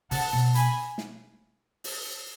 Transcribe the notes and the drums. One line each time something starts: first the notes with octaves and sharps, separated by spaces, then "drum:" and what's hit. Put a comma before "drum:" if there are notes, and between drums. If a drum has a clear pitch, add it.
C#3 F#5 A5, drum: open hi-hat
B2
G#5 B5, drum: hi-hat
drum: snare
drum: open hi-hat